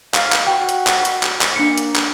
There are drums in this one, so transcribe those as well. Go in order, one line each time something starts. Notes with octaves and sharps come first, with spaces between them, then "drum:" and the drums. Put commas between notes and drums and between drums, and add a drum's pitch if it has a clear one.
F5, drum: clap
drum: clap
F#4 G5
drum: hi-hat
drum: clap
drum: hi-hat
drum: clap
drum: clap
A#3 D4 C#7
drum: hi-hat
drum: clap